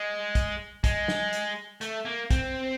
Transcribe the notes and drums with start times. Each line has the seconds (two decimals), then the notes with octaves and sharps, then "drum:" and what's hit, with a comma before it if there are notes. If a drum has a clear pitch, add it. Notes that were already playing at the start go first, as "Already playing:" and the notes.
Already playing: G#3
0.35 drum: kick, hi-hat
0.84 G#3, drum: kick, hi-hat
1.08 drum: snare
1.33 drum: hi-hat
1.81 A3, drum: hi-hat
2.05 A#3
2.31 C4, drum: kick, hi-hat